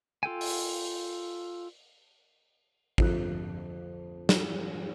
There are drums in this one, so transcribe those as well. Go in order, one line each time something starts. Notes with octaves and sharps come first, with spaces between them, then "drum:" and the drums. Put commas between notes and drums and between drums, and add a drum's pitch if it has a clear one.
F4 A4 G5 G#5
drum: open hi-hat
F2 D3 F4 F#6, drum: kick A1
drum: snare